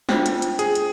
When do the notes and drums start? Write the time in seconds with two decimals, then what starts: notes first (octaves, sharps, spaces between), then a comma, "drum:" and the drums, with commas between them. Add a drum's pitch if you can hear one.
0.09 D4 F4 C5 G5, drum: snare
0.26 drum: hi-hat
0.42 drum: hi-hat
0.59 G#4, drum: hi-hat
0.75 drum: hi-hat